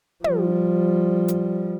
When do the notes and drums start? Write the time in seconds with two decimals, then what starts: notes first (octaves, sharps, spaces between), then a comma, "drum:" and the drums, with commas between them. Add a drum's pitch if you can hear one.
0.24 F3 G3, drum: tom
1.28 drum: hi-hat